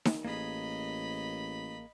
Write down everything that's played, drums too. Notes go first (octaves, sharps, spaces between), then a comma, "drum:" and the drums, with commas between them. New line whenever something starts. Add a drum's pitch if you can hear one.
drum: snare D#4
A1 A#3 G#4 D#5 B5